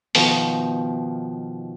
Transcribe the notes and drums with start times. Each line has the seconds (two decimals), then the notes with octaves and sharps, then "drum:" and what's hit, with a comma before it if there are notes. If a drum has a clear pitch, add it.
0.15 B2 D#3 F3 B3, drum: open hi-hat